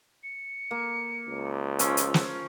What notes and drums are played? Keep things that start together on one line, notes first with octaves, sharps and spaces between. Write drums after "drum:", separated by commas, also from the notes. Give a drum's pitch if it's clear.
C#7
A#3
C#2
F3 C#4 E6, drum: hi-hat
drum: hi-hat
drum: snare